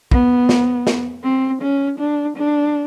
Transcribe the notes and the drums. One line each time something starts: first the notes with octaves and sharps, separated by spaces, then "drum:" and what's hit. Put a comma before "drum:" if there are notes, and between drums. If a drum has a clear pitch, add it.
B3, drum: kick
drum: snare
drum: snare
C4
C#4
D4
D4